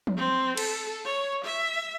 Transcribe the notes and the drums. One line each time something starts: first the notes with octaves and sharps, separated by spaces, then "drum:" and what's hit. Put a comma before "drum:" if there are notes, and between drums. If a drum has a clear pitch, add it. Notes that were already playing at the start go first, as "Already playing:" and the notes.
drum: tom F3
C4
A4, drum: cymbal
C#5
E5